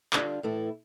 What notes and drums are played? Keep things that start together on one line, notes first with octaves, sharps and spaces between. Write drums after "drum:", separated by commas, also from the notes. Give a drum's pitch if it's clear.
D3 G3 D4 F4, drum: clap
A2 E3 A3 E4